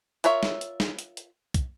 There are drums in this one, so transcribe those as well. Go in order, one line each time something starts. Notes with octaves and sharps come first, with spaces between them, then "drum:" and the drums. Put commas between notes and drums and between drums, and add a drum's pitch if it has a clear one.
F4 A#4 C#5 E5, drum: hi-hat
drum: snare
drum: hi-hat
drum: snare
drum: hi-hat
drum: hi-hat
drum: kick, hi-hat